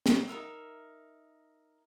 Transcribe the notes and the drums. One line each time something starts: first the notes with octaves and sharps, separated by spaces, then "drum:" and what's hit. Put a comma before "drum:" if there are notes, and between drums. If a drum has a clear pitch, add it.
drum: snare
D#4 F#4 A#4 E5